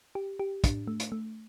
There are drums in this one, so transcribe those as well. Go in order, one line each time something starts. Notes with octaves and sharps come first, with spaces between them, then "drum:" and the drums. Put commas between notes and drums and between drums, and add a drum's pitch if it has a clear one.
G4
G4
D4, drum: kick, hi-hat
A3
drum: hi-hat
A3